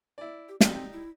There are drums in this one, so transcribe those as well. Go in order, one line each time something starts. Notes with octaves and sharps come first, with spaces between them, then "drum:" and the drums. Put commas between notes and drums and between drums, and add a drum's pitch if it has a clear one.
E4 D5
G4
C4 D#4 G4 D5, drum: snare
E4